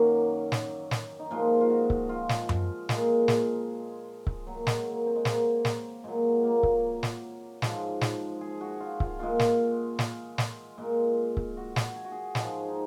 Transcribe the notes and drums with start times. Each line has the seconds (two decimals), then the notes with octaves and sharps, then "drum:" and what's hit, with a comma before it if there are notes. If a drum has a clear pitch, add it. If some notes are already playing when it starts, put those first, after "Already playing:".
Already playing: F#2 D#3 F#3 A#3 C#4
0.52 drum: snare
0.91 drum: snare
1.19 D#4
1.31 A#2 F3 G#3 F4
1.61 F4
1.70 F#4
1.90 drum: kick C#1
2.09 F4
2.29 drum: snare
2.49 drum: tom F#2
2.89 A#2 G#3 G#4, drum: snare
3.28 drum: snare
4.27 drum: kick C#1
4.47 A#2 F#3
4.67 G#3, drum: snare
4.79 G#3
4.86 A#3
5.06 C4
5.16 G#3
5.25 A#3, drum: snare
5.65 drum: snare
6.04 A#2 F#3 G#3
6.43 A#3
6.63 drum: kick C#1
7.03 drum: snare
7.62 G#2 F3 G#3, drum: snare
8.01 drum: snare
8.41 G#4
8.61 F#4
8.80 F4
9.00 F4, drum: kick C#1
9.19 A#2 G#3 F4
9.39 drum: snare
9.99 drum: snare
10.38 drum: snare
10.78 A#2 G#3
11.37 drum: kick C#1
11.57 F#4
11.76 drum: snare
11.96 G#4
12.04 F#4
12.12 G#4
12.35 G#2 F3 G#3, drum: snare
12.69 D#4